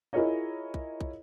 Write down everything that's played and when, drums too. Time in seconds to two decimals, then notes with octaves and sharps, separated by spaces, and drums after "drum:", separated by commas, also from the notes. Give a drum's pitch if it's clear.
0.13 E4 F4 G#4 A#4 C#5 D#5
0.74 drum: kick
1.01 drum: kick